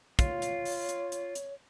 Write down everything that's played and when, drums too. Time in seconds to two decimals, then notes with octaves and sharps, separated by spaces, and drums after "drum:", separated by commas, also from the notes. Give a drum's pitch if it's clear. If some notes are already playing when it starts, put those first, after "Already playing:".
0.19 F4 C#5, drum: kick, hi-hat
0.42 drum: hi-hat
0.65 drum: open hi-hat
0.89 drum: hi-hat
1.12 drum: hi-hat
1.35 drum: hi-hat